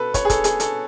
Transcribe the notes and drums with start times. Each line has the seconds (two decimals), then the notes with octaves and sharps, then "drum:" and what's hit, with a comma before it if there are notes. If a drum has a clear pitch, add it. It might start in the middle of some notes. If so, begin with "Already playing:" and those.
Already playing: B2 A4 B4
0.14 C#5, drum: kick, hi-hat
0.25 G#4
0.30 A4, drum: kick, hi-hat
0.44 G#4, drum: hi-hat
0.60 A4, drum: hi-hat